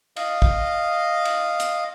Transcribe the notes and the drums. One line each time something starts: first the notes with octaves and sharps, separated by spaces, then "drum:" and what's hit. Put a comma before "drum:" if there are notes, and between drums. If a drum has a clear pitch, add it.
D#5 F5, drum: cymbal
drum: kick
drum: cymbal
drum: hi-hat